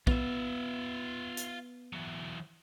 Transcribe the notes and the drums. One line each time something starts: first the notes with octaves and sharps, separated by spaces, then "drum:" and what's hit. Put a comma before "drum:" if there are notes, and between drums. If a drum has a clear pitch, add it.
B3 F4 E5, drum: kick
drum: hi-hat
E3 F#3